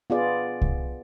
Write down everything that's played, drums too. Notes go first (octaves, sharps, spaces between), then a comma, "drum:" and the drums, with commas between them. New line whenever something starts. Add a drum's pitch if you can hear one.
B3 F4 G#4 D5
drum: kick C2